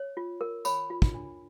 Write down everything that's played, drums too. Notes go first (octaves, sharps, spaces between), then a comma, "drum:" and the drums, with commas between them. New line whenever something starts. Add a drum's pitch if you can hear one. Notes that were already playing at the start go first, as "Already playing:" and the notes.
Already playing: C#5
F4
A#4
C#5 B5, drum: tambourine
F4
drum: kick
D4